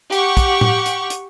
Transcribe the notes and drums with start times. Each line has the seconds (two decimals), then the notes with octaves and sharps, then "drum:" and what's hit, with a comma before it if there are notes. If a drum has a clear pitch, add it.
0.12 G4 F#5 C#6, drum: hi-hat
0.37 drum: kick, hi-hat
0.61 drum: tom A2
0.86 drum: hi-hat
1.10 drum: hi-hat